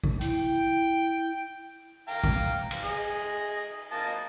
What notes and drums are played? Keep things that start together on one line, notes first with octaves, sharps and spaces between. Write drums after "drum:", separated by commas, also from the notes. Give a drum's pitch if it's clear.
drum: kick
E4 G5, drum: hi-hat
F5 G5 A#5
drum: kick
drum: cymbal
G#4 D#5, drum: hi-hat
A#3 D#5 A5